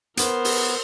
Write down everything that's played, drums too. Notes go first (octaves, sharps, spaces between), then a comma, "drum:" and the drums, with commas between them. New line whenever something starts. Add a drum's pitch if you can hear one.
B3 A#4 C5, drum: hi-hat
drum: open hi-hat